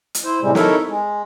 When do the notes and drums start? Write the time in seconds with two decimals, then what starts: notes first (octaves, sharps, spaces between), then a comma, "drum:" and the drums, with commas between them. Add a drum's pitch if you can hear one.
0.15 drum: hi-hat
0.25 E4 C5
0.42 A2 C3 G3 G#3
0.55 D#4 E4 A4 A#4 C#5 E5, drum: snare
0.89 G#3